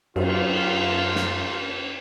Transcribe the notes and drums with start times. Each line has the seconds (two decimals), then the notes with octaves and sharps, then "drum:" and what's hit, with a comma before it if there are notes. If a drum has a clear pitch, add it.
0.16 F#2 D3 A#3 F4, drum: cymbal
1.15 drum: snare